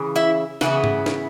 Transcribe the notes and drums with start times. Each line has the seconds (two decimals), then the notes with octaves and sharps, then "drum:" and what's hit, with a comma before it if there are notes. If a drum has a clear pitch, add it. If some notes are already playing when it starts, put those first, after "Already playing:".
Already playing: C#3 E3
0.16 E4 E5
0.61 C#3 E3 B3 F#4, drum: snare
0.84 drum: tom G#2
1.06 drum: snare